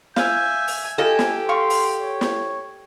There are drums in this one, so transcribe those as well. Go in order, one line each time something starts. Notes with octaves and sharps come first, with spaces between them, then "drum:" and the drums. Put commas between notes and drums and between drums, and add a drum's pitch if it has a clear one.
E5 F5 G#5 G6, drum: snare
drum: open hi-hat
F4 G4 A4 D#5 G#5
drum: snare
D3 F5 C6 C#6
drum: open hi-hat
C#5
drum: snare